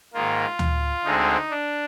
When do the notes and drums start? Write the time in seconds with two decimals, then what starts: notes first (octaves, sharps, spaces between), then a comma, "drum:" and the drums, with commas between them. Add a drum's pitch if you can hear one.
0.14 G#2 D#3 A#3 F4
0.59 drum: tom D2
1.04 D2 D3 G#3 C4 D#4
1.51 D4